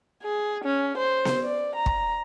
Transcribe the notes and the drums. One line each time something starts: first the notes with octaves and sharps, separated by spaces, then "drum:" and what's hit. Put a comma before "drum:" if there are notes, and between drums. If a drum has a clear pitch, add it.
G#4
C#4
C5
drum: snare B3
D5
A#5
drum: kick